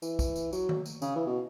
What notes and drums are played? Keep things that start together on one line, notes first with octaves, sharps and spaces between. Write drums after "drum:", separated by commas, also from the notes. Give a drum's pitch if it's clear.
E3, drum: tambourine
drum: kick, tambourine
drum: tambourine
F#3, drum: tambourine
drum: tom D#3
drum: tambourine
C#3, drum: tambourine
E3
B2